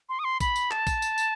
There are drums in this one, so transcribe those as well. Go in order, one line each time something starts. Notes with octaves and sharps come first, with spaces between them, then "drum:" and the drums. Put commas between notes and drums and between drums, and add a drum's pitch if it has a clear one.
C6
D#6
C6
B5, drum: kick A#1, tambourine
drum: tambourine
A5, drum: clap
drum: kick A#1, tambourine
drum: tambourine
drum: tambourine